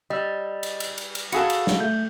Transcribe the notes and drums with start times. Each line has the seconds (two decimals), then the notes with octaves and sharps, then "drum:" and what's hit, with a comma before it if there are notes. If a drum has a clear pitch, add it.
0.10 G3 D#5 E6
0.63 drum: cymbal
0.80 drum: cymbal
0.98 drum: cymbal
1.15 drum: cymbal
1.32 F#4 G#4 A4 F5 B5 C#7, drum: cymbal
1.50 drum: cymbal
1.67 drum: snare
1.80 A3 G6